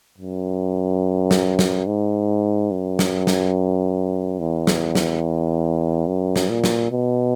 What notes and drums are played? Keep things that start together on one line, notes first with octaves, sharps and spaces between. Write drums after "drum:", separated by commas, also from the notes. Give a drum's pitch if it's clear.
F#2
drum: snare
drum: snare
G#2
F#2
drum: snare
drum: snare
E2
drum: snare
drum: snare
F#2
drum: snare
A#2
drum: snare
B2